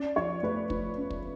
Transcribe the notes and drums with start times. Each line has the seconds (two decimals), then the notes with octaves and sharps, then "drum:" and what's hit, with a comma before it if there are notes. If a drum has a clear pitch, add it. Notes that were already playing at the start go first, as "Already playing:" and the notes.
Already playing: C#4 D5
0.16 F3 C#5
0.43 A3 B4
0.70 F3, drum: kick
0.97 C#4
1.10 drum: kick